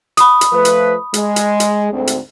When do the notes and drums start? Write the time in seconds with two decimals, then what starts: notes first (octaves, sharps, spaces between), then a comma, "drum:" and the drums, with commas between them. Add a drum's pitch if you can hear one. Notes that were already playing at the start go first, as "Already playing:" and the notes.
0.17 B5 D#6, drum: hi-hat
0.41 drum: hi-hat
0.52 F3 A3 B4
0.65 drum: hi-hat
1.14 G#3, drum: hi-hat
1.36 drum: hi-hat
1.60 drum: hi-hat
1.91 D2 G#2 C4
2.07 drum: hi-hat